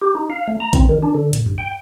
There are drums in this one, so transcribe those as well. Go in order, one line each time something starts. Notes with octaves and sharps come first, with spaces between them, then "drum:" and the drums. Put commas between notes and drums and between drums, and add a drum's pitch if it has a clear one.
G4
D#4
F5
A3
A#5
C4, drum: kick A#1, hi-hat
D#3
D4
D3
A#2, drum: hi-hat
G2
G5